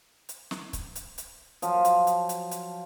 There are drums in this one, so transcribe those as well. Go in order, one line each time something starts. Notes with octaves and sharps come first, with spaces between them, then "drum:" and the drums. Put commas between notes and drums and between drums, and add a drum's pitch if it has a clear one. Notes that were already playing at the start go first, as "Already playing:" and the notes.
drum: hi-hat
drum: snare
drum: kick, hi-hat
drum: hi-hat
drum: hi-hat
F3 F#3, drum: hi-hat
drum: hi-hat
drum: hi-hat
drum: hi-hat
drum: hi-hat